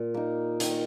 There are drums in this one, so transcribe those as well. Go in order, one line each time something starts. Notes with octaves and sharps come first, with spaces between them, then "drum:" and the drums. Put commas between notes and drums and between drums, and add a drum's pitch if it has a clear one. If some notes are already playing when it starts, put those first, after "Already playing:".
Already playing: A#2
A#3 D#4
D#3, drum: hi-hat